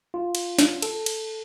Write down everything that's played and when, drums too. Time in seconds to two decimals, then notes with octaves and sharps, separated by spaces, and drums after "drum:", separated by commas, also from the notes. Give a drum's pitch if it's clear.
0.14 F4
0.35 drum: cymbal
0.59 drum: snare
0.82 A4, drum: cymbal
1.06 drum: cymbal